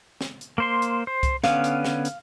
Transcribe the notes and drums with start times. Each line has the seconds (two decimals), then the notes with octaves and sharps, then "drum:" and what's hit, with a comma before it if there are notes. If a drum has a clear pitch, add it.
0.21 drum: snare
0.41 drum: hi-hat
0.58 A#3 C5 C6
0.82 drum: hi-hat
1.07 C5
1.23 drum: kick C2, hi-hat
1.44 D3 B3 C#4 F5, drum: snare
1.64 drum: hi-hat
1.84 drum: snare
2.05 drum: hi-hat